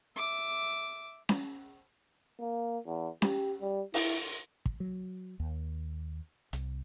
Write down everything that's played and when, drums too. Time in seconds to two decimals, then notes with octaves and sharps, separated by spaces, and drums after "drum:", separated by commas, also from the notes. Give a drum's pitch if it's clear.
0.16 E5 D6
1.29 drum: snare C#4
2.40 A#3
2.86 E2
3.22 G4, drum: snare C#4
3.61 G3
3.94 E4, drum: open hi-hat
4.66 drum: kick
4.80 F#3
5.40 D#2
6.53 C2, drum: hi-hat